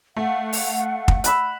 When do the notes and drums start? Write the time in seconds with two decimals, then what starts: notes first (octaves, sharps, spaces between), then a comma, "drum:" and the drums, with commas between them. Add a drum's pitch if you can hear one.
0.17 A3 F5 F#5
0.53 drum: open hi-hat
1.08 drum: kick
1.24 F#5 B5 E6, drum: hi-hat